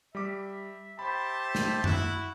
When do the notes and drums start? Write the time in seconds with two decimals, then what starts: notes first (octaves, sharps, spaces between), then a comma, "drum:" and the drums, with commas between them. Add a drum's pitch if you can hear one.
0.15 G3 E5 D6
0.99 G4 C5 A5 B5
1.55 drum: snare
1.84 E4 F#4, drum: tom F#2